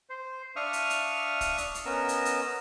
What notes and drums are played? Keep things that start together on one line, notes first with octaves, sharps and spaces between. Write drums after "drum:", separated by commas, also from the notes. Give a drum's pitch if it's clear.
C5
D4 E5 F5 C#6 D#6 F6
drum: hi-hat
drum: hi-hat
drum: kick, hi-hat
drum: hi-hat
drum: hi-hat
B3 C#4 A#4 D#5 E6
drum: hi-hat
drum: hi-hat